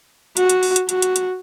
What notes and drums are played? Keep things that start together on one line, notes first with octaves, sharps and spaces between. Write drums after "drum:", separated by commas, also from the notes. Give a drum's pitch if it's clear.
F#4, drum: hi-hat
drum: hi-hat
drum: open hi-hat
drum: hi-hat
F#4, drum: hi-hat
drum: hi-hat
drum: hi-hat